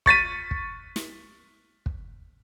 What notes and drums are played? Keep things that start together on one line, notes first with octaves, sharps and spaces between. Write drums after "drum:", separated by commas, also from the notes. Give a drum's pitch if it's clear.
C#6 A6 B6 D#7, drum: kick
drum: kick
drum: snare
drum: kick